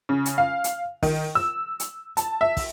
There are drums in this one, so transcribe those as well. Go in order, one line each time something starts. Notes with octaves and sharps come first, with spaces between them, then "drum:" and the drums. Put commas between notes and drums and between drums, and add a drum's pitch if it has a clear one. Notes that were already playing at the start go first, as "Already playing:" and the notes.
C#3
drum: hi-hat
F5
drum: hi-hat
D#3, drum: kick, open hi-hat
E6
drum: hi-hat
A5, drum: hi-hat
E5
drum: kick, open hi-hat